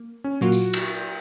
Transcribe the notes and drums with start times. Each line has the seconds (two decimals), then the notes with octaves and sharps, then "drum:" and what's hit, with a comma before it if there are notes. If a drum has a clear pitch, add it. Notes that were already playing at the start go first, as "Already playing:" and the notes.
Already playing: A#3
0.24 C#4
0.41 A#2 F#3 A#3 F4 F#4
0.52 drum: tambourine
0.73 drum: cymbal